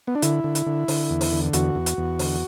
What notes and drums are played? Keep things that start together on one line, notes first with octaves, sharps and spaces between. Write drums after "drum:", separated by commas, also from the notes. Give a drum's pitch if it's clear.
B3
D4
D3 E4, drum: hi-hat
D3
drum: hi-hat
D3
D3, drum: open hi-hat
E2
drum: open hi-hat
D3
E2 F#4, drum: hi-hat
E2
drum: hi-hat
E2
D3, drum: open hi-hat